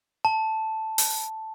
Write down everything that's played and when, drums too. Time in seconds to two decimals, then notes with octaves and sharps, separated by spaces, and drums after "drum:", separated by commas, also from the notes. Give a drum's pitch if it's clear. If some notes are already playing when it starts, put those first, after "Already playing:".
0.25 A5
0.98 drum: open hi-hat